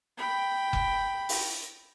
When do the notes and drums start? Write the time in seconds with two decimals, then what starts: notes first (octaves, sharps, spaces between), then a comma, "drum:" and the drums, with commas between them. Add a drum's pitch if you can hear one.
0.18 G5 B5
0.73 drum: kick F1
1.29 drum: open hi-hat